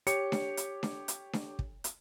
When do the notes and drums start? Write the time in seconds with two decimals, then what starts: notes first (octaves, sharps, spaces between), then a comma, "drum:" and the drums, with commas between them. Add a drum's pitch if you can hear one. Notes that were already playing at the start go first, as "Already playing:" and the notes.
0.07 G4 C#5 C#7, drum: hi-hat
0.32 drum: snare D4
0.57 drum: hi-hat
0.83 drum: snare D4
1.08 drum: hi-hat
1.33 drum: snare D4
1.59 drum: kick
1.84 drum: hi-hat